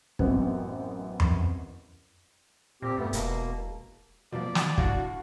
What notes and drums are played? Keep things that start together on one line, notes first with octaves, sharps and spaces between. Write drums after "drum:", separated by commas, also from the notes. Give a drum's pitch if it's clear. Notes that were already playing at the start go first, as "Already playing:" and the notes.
A1 F#2 B3 C4, drum: kick
drum: tom F2
A#2 C4 G4
G2 A3 B3
E1 B2 A#3, drum: hi-hat
B2 F3 F#3 A#3 D5
drum: snare
A2 D3 F#4 F5 C#6, drum: kick